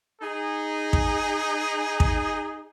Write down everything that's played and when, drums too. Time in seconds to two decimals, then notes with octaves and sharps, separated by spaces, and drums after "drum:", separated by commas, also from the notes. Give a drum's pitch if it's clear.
0.22 D#4 G#4
0.93 drum: kick
2.00 drum: kick